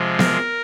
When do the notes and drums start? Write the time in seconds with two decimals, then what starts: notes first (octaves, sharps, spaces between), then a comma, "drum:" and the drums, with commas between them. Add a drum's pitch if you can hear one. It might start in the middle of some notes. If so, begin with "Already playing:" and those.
Already playing: C3 F3 G#3
0.19 A#4, drum: snare B3